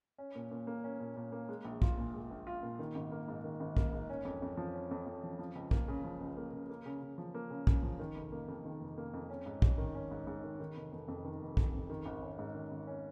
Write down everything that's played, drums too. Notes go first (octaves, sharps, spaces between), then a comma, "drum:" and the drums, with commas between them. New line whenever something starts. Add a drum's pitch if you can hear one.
C#4
A#2
A#2
A#3
C#4
A#2
A#2
A#3
G#3
A#1
F4, drum: kick
A#2
G#3
A#1
F4
A#2
D#3
G#1
A#3
G#2
D#3
G#1
A#3, drum: kick
G#2
C#4
F2
F2
F3
C#4
F2
F2
F3
F3
C#2
A#3, drum: kick
C#3
F3
C#2
A#3
C#3
A#3
C#3
C#3
F3
A#3
C#3
C#3, drum: kick
F3
D#3
F1
A#3
F2
D#3
F1
A#3
F2
C#4
G#2
G#2, drum: kick
D#3
C#4
G#2
G#2
D#3
D#3
F1
F1
F2
D#3
F1
F1, drum: kick
F2
D#3
G#1
C#4
G#2
D#3
G#1
C#4